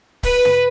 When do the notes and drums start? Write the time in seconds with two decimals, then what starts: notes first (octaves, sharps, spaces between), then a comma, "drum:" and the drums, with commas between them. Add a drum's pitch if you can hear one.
0.23 B4, drum: kick C#1, open hi-hat
0.45 drum: tom